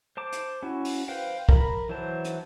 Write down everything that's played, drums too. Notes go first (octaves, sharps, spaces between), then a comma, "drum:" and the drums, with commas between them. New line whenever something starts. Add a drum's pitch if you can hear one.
C5 A5 D6
drum: hi-hat
C#4 E4 F#4
drum: open hi-hat
B4 C5 F5 G5
A#4 B5, drum: kick
E3 F#3 C5 A5
drum: hi-hat